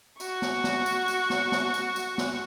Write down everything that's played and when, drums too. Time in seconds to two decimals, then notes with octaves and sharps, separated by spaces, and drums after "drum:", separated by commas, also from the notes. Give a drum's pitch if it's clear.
0.20 F#4 C#6, drum: tambourine
0.42 drum: snare
0.64 drum: snare
0.86 drum: tambourine
1.08 drum: tambourine
1.30 drum: snare
1.52 drum: snare
1.74 drum: tambourine
1.96 drum: tambourine
2.18 drum: snare